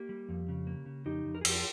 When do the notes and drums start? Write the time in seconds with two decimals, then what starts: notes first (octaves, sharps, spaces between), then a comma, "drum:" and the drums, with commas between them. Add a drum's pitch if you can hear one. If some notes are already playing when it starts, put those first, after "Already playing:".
Already playing: A#3 G4
0.09 G3
0.29 F2
0.48 C#3
0.67 A#3
0.86 C#3
1.06 F2 D#4 G4
1.25 F2
1.35 A#4
1.41 G#4
1.45 F2 G4, drum: cymbal
1.55 F4 G#4